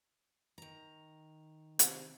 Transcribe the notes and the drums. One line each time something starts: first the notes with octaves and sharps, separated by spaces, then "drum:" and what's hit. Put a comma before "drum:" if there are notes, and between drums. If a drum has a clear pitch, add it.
D#3 A#5
C3, drum: hi-hat